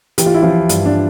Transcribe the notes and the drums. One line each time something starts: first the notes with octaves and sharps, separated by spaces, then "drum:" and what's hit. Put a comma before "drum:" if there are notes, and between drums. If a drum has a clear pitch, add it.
E3 G4, drum: hi-hat
F4
E4
E3 F3 F4
G2, drum: hi-hat
D4